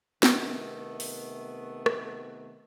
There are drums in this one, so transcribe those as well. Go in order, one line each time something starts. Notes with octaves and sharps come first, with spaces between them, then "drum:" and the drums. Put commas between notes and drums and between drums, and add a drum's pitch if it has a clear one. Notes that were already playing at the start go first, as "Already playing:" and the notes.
C3 D#3 A3 B3, drum: snare
drum: open hi-hat
drum: rim click